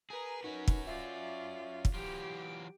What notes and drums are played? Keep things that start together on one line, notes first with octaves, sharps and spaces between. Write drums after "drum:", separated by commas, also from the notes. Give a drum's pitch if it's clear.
G#4 A#4 B4 A#5
C#4 D#4 F#4
drum: kick
F4 D5 E5
drum: kick
E3 F#3 F4 G4 D7